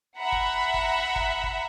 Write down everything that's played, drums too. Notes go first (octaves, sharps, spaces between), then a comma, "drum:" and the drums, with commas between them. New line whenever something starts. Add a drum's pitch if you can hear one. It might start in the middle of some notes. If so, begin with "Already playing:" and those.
E5 F#5 A#5 B5
drum: kick
drum: kick
drum: kick
drum: kick